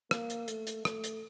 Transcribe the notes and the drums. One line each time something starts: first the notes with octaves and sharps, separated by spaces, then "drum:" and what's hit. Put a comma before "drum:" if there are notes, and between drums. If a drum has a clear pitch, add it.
A#3, drum: rim click
drum: hi-hat
A3, drum: hi-hat
drum: hi-hat
A3, drum: rim click
drum: hi-hat